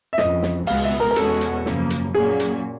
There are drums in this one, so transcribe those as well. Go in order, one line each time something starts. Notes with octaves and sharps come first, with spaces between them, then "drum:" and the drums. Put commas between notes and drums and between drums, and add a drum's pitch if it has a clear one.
E5
F2 C#3 E3 D#5, drum: snare
drum: snare
C#2 B2 G#3 B3 F5, drum: open hi-hat
E5
A#4
A#4
E2 B2 G#3 C#4 F#4 A4, drum: hi-hat
drum: hi-hat
F#2 C#3 F3 A#3, drum: snare
drum: hi-hat
A#2 F#3 A#3 C#4 G#4
drum: hi-hat